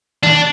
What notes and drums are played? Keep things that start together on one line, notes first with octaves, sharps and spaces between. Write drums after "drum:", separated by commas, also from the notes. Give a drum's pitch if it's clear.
D4, drum: tom D#3